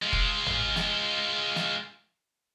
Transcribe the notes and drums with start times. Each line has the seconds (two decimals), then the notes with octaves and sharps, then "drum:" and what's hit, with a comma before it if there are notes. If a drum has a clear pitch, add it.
0.02 G#3 F4
0.13 drum: kick F1
0.46 drum: tom
0.76 drum: snare
1.56 drum: snare